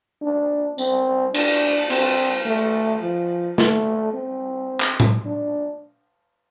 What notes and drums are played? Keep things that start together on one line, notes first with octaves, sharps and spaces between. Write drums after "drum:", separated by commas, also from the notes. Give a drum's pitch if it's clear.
D4
C4, drum: tambourine
D4, drum: cymbal
C4, drum: cymbal
A3
F3
A3, drum: snare
C4
drum: clap
drum: tom A2
D4